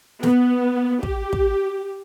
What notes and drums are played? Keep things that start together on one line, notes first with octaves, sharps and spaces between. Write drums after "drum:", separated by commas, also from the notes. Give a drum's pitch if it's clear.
B3, drum: snare
G4, drum: kick
drum: kick